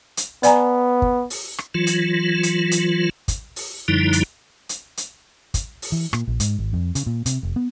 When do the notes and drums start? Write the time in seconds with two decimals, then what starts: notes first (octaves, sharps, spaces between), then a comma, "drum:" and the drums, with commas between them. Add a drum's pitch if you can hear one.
0.17 drum: hi-hat
0.43 B3 D5 G#5 A#5, drum: hi-hat
1.02 drum: kick
1.30 drum: open hi-hat
1.58 drum: rim click
1.74 E3 F#3 F4
1.87 drum: hi-hat
2.43 drum: hi-hat
2.71 drum: hi-hat
3.28 drum: kick, hi-hat
3.56 drum: open hi-hat
3.88 F#2 D3 F3 G3 D#4 E4
4.13 drum: hi-hat
4.69 drum: hi-hat
4.97 drum: hi-hat
5.54 drum: kick, hi-hat
5.82 drum: open hi-hat
5.92 E3
6.13 A#2, drum: rim click
6.27 A#1
6.40 G#2, drum: hi-hat
6.58 G#1
6.73 F2
6.95 C#3, drum: hi-hat
7.06 A#2
7.26 C3, drum: hi-hat
7.43 F1
7.56 B3